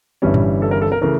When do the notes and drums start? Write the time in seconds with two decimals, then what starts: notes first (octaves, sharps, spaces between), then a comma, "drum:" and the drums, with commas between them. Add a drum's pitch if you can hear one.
0.22 G1 G2 E3 G3 C#4
0.34 drum: tom A2
0.62 A4
0.71 A#4
0.82 A4
0.92 A#4
1.02 C#3 E3 A3 A#4